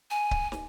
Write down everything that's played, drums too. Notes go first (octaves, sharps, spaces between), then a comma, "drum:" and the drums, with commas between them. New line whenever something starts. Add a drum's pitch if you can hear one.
G#5
drum: kick C#1
drum: snare